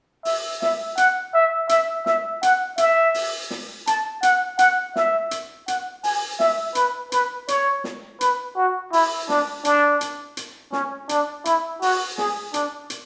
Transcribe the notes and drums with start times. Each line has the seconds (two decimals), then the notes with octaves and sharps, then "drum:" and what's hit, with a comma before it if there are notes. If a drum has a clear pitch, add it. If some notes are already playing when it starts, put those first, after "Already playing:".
0.25 E5, drum: open hi-hat
0.62 E5, drum: snare
0.97 F#5, drum: hi-hat
1.34 E5
1.69 E5, drum: hi-hat
2.06 E5, drum: snare
2.43 F#5, drum: hi-hat
2.78 E5, drum: hi-hat
3.14 drum: open hi-hat
3.51 drum: snare
3.87 A5, drum: hi-hat
4.23 F#5, drum: hi-hat
4.59 F#5, drum: hi-hat
4.96 E5, drum: snare
5.31 drum: hi-hat
5.68 F#5, drum: hi-hat
6.04 G#5, drum: open hi-hat
6.40 E5, drum: snare
6.75 B4, drum: hi-hat
7.12 B4, drum: hi-hat
7.48 C#5, drum: hi-hat
7.84 drum: snare
8.21 B4, drum: hi-hat
8.56 F#4
8.93 E4, drum: open hi-hat
9.29 D4, drum: snare
9.65 D4, drum: hi-hat
10.01 drum: hi-hat
10.37 drum: hi-hat
10.72 C#4, drum: snare
11.09 D4, drum: hi-hat
11.45 E4, drum: hi-hat
11.82 F#4, drum: open hi-hat
12.18 G#4, drum: snare
12.54 D4, drum: hi-hat
12.90 drum: hi-hat